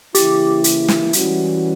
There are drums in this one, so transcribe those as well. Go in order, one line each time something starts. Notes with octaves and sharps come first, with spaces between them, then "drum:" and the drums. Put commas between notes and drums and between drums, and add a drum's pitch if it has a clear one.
C#3 E3 A#3 E4 G4, drum: hi-hat
drum: hi-hat
drum: snare
E3 G3 C#4 F#4, drum: hi-hat